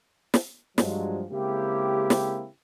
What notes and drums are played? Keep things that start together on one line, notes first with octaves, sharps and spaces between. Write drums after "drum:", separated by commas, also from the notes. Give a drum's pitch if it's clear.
drum: snare
G2 F3 F#3 G#3, drum: snare
C#3 G#3 A#3 C4 E4 G4
drum: snare